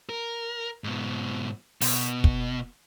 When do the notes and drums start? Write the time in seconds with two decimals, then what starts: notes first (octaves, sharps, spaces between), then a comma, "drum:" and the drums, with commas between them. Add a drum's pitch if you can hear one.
0.09 A#4
0.84 G#2 B2
1.81 B2, drum: open hi-hat
2.24 drum: kick